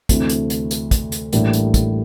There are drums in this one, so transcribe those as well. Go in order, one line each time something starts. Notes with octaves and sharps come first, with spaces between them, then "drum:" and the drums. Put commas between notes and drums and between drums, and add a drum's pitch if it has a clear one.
D2 C3 E3 A3 C4, drum: kick, hi-hat
drum: hi-hat
drum: hi-hat
drum: hi-hat
drum: kick, hi-hat
drum: hi-hat
A1 A2 G3 A#3 D4, drum: hi-hat
drum: hi-hat
drum: kick, hi-hat